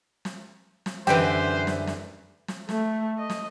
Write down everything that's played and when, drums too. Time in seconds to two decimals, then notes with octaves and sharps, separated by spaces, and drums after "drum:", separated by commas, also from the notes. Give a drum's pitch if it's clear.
0.25 drum: snare
0.86 drum: snare
1.07 F#2 D3 E3 G4 B4 C5 G5, drum: snare
1.67 drum: snare
1.87 drum: snare
2.48 drum: snare
2.69 A3, drum: snare
3.18 D#5
3.30 drum: snare